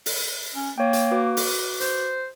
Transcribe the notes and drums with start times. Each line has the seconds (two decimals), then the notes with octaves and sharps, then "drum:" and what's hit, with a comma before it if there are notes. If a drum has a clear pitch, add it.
0.06 drum: open hi-hat
0.55 C#4
0.78 A#3 C#5 G5
0.93 drum: hi-hat
1.11 F#4 B4 D6
1.37 drum: open hi-hat
1.80 C5, drum: hi-hat